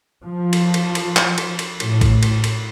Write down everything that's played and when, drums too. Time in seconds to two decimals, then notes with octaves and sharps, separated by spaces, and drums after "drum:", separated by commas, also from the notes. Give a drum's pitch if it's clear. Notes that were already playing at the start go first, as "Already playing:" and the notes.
0.24 F3
0.53 drum: cymbal
0.74 drum: cymbal
0.95 drum: cymbal
1.16 drum: clap
1.38 drum: cymbal
1.59 drum: cymbal
1.80 A2, drum: cymbal
2.01 drum: kick A1, cymbal
2.23 drum: cymbal
2.44 drum: cymbal